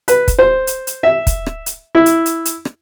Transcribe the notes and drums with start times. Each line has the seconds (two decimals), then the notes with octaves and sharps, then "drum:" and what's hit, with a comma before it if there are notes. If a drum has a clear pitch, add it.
0.08 B4, drum: hi-hat
0.28 drum: kick, hi-hat
0.39 C5
0.67 drum: hi-hat
0.87 drum: hi-hat
1.03 E5
1.27 drum: kick, hi-hat
1.46 drum: rim click
1.66 drum: hi-hat
1.95 E4
2.06 drum: hi-hat
2.26 drum: hi-hat
2.45 drum: hi-hat
2.65 drum: rim click